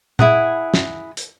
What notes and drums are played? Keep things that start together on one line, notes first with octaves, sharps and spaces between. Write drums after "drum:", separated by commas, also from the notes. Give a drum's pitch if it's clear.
E4 G#4 F#5, drum: tom A#2
drum: snare
drum: hi-hat